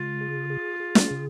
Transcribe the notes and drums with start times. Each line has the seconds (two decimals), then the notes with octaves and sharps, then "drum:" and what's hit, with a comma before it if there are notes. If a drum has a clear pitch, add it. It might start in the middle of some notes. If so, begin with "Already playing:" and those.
Already playing: C#3 G#3 F4
0.21 G#4
0.50 G#4
0.80 G#4
0.95 drum: snare
1.11 C#3